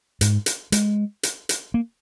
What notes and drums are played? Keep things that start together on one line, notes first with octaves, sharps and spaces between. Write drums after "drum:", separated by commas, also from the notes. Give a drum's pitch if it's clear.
G#2, drum: hi-hat
drum: hi-hat
G#3, drum: hi-hat
drum: hi-hat
drum: hi-hat
A#3